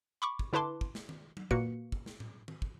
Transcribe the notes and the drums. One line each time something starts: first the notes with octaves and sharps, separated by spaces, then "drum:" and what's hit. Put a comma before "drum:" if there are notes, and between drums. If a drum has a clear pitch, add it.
B5 C#6 D6
drum: kick
D3 E4 B4 A5 C6 D6
drum: kick
drum: snare
drum: tom D#3
drum: tom F#3
A#2 A#3 F#4 B4 C#7, drum: kick
drum: kick
drum: snare
drum: tom A2
drum: tom D#3
drum: kick